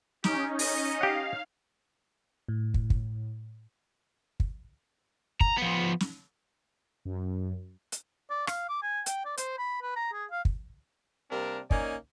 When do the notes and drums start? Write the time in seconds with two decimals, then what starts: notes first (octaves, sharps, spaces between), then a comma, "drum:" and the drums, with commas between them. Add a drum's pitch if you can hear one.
0.24 C#4 D#4 G4, drum: snare
0.59 D#5, drum: open hi-hat
1.01 G4 F5 F#5
2.49 A2
2.74 drum: kick
2.90 drum: kick
4.40 drum: kick
5.41 A#5, drum: kick
5.57 F3 B3
6.00 drum: snare
7.05 F#2
7.92 drum: hi-hat
8.30 D5
8.47 F5, drum: rim click
8.69 D6
8.83 G#5
9.06 G5, drum: hi-hat
9.25 D5
9.38 C5, drum: hi-hat
9.58 B5
9.82 B4
9.96 A#5
10.13 G#4
10.31 F5
10.45 drum: kick
11.31 C3 G3 A#3 C4 D4 A#4
11.71 A#3 C#4 D#4 D5 G#5, drum: kick